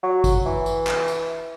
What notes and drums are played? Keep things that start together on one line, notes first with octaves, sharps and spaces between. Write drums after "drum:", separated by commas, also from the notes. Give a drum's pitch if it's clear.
F#3
drum: kick G#1, tambourine
E3
drum: tambourine
drum: clap
drum: tambourine